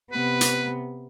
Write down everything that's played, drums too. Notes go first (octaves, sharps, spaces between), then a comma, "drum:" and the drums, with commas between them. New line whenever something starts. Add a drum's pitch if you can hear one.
C3 B3 B4
drum: hi-hat